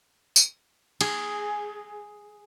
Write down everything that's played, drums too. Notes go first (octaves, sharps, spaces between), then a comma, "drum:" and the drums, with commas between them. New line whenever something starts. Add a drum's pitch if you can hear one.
drum: tambourine
G#4, drum: cymbal